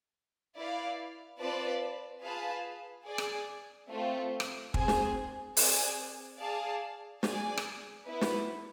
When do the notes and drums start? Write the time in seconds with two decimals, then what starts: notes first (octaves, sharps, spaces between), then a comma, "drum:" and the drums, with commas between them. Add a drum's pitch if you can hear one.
0.57 E4 B4 D5 F5
1.40 C4 F4 B4 D5 A5
2.23 F4 G#4 B4 F5 A5
3.06 G#4 D5 G#5
3.18 drum: rim click
3.90 A3 C4 F4
4.40 drum: rim click
4.74 C4 G#4 C5 G#5, drum: kick
4.88 drum: snare
5.57 C4 G#4 D5 G#5, drum: open hi-hat
6.40 G#4 D5 F5 A5
7.23 G#4 D5 G#5, drum: snare
7.57 drum: rim click
8.07 B3 E4 B4
8.21 drum: snare